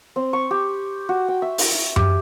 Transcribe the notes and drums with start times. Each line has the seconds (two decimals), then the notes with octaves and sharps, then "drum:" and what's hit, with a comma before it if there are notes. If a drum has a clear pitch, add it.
0.16 C4
0.33 C#6
0.51 G4
1.09 F#4
1.28 G5
1.42 E5
1.58 drum: open hi-hat
1.72 E5
1.96 G4, drum: tom F#2